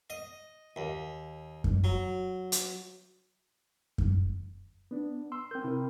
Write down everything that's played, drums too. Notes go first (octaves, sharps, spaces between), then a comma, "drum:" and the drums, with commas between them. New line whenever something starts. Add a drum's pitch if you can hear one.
D#5
D#2
drum: kick F#2
F#3
drum: hi-hat
drum: kick F#2
B3 D4
C6 E6
C4 A#4 G6
C3 E4 A#4